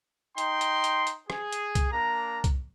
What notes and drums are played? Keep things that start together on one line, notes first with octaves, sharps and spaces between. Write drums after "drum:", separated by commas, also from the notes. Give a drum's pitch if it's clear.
D#4 G5 C6, drum: hi-hat
drum: hi-hat
drum: hi-hat
drum: hi-hat
G#4, drum: rim click
drum: hi-hat
drum: kick, hi-hat
A#3 D4 A#5
drum: kick, hi-hat